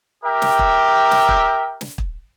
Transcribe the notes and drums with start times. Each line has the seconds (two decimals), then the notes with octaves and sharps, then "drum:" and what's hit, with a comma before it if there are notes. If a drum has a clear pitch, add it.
0.24 G4 A#4 E5 G5
0.42 drum: snare
0.59 drum: kick
1.11 drum: snare
1.29 drum: kick
1.81 drum: snare
1.98 drum: kick